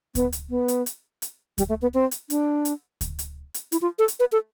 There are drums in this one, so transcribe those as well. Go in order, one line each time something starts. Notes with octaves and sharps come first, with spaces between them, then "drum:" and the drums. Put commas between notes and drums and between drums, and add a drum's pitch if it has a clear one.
B3, drum: kick D2, hi-hat
drum: hi-hat
B3
drum: hi-hat
drum: hi-hat
drum: hi-hat
G3, drum: kick D2, hi-hat
A3
B3
C4
drum: hi-hat
D4, drum: hi-hat
drum: hi-hat
drum: kick D2, hi-hat
drum: hi-hat
drum: hi-hat
E4, drum: hi-hat
F4
A4
drum: hi-hat
B4
A4